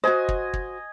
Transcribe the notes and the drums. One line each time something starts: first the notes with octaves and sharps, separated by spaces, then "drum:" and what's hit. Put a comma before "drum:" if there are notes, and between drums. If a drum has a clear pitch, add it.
F#4 C5 D#5 G#5
drum: kick
drum: kick